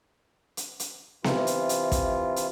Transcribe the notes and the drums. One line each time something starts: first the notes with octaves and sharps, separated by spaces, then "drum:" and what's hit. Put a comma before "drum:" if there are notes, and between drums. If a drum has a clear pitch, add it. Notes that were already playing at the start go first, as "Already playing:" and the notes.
drum: hi-hat
drum: hi-hat
C3 E3 F4, drum: snare B3
drum: hi-hat
drum: hi-hat
drum: kick, hi-hat
drum: hi-hat